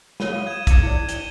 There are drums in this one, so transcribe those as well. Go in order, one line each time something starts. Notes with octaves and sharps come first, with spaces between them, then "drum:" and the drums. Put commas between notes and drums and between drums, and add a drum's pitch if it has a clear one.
F4 C5 C#5 D#7 G7, drum: snare
F5 D#6
G#6 D#7 E7
D6 G#6 C#7, drum: kick, hi-hat
E4 C5 D5
G#6 D#7 G7, drum: hi-hat